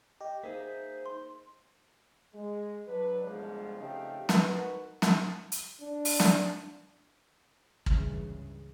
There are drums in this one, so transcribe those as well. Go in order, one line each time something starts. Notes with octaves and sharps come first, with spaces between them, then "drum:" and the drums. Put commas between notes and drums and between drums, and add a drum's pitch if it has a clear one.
G4 D#5
A#3 D#4 G#4 C5 E5
C6
G#3
F#3 D4 B4
G1 C2 G#2 F3 G#3
C#3 F3 A3 C4 D#4 G4
D#4 F#4 A#4 B4, drum: snare
drum: snare
drum: hi-hat
D4
drum: open hi-hat
drum: snare
C#2 G2 C#3 E3, drum: kick